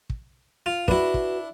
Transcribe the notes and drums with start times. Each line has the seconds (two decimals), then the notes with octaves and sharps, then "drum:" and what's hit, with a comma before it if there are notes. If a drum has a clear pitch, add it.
0.10 drum: kick
0.66 F4
0.88 D4 E4 F#4 B4, drum: kick
1.14 drum: kick